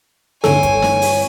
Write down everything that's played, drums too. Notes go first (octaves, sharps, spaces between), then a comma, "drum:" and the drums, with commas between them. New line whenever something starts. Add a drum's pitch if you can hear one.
G2 D3 C4 E4 A4 C#5 G#5, drum: snare
drum: kick, hi-hat
drum: snare
drum: open hi-hat